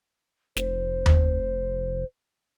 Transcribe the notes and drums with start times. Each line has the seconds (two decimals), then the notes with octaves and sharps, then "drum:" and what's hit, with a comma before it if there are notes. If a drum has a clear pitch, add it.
0.57 F1 C5, drum: snare
1.06 drum: tom D#2